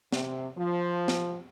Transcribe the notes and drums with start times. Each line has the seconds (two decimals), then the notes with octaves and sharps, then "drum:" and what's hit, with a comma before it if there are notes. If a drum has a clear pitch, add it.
0.12 C3, drum: snare
0.57 F3
1.08 drum: snare